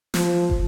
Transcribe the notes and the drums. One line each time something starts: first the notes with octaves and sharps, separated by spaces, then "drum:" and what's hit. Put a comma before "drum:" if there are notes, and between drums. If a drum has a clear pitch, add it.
F3, drum: snare
drum: kick